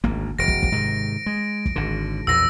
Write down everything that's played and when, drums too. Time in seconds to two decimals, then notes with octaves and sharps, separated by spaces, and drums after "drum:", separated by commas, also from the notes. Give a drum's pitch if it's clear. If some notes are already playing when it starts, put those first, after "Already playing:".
0.04 G#1 D2 A#3, drum: kick
0.39 E1 A#6 D7
0.48 drum: kick
0.63 drum: kick
0.72 G#2 C3 D#3
1.26 G#3
1.65 drum: kick
1.76 G#1 D3
2.27 A#1 E2 B2 E6 A#6